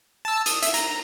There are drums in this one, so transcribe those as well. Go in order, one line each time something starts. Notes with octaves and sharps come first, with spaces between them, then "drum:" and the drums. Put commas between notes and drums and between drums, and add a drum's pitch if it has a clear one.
A5 E6
D#6, drum: hi-hat
E5, drum: hi-hat
A#5, drum: hi-hat